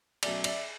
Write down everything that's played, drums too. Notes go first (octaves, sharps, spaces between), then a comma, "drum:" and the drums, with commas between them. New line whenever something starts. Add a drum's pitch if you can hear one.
B2 F#3 A3 C#4 D5 E5, drum: cymbal
D5 E5, drum: cymbal